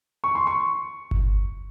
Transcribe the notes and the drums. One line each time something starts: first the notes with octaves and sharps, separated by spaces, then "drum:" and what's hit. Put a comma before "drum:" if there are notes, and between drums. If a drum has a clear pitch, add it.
C#6
C6
C#6
drum: kick G1